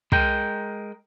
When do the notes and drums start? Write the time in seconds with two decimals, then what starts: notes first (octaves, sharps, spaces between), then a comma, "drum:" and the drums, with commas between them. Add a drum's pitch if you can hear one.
0.12 G#3 A#4 G5, drum: kick